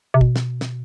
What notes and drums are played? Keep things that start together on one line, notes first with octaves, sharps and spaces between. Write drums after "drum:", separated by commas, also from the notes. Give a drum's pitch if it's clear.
C3
B2, drum: kick
drum: snare
drum: snare